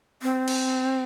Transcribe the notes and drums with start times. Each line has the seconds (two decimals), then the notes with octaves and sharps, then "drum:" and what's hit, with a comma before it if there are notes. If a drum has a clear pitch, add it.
0.23 C4
0.48 drum: cymbal